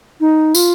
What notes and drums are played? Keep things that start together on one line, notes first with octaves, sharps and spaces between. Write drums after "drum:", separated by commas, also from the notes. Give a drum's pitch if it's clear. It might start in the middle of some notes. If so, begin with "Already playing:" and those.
D#4
F4, drum: tambourine